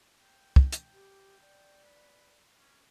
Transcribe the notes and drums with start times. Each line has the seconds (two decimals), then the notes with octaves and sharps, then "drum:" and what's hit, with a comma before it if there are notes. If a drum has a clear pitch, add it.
0.21 G5
0.56 drum: kick
0.72 drum: hi-hat
0.93 G4
1.41 D5
1.84 B4
2.59 C#4